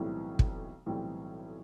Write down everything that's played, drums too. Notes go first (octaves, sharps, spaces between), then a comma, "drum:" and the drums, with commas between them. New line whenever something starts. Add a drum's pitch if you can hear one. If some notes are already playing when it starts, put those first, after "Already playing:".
Already playing: B1 A2 E3 G3 C4
drum: kick
B1 A2 E3 G3 C4